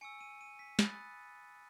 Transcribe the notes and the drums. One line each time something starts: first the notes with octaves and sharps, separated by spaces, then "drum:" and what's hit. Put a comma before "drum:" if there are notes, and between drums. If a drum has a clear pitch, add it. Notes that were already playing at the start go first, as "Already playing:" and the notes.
G#5 C#6 E6 C#7
D#7
D#7
B6
B5 D#6 F#6 A6, drum: snare